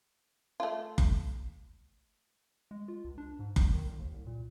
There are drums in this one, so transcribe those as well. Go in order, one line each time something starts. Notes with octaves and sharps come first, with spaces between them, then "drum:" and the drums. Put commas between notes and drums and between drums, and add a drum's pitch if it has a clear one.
A3 F4
drum: kick F#1
G#3
F4
C#2
D4
G#2
E1, drum: kick F#1
D#3
C2
D#2
C2
A#2